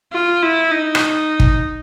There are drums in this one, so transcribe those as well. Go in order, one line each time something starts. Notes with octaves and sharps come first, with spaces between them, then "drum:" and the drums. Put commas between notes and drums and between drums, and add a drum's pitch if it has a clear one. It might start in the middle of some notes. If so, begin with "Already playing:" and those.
F4
E4
D#4
drum: rim click
drum: kick